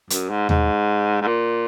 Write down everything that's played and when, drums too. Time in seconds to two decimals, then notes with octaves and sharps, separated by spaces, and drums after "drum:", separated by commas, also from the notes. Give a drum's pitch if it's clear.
0.10 F#2, drum: hi-hat
0.30 G#2
0.49 G#2, drum: tom D#2
1.21 G#2
1.27 A#2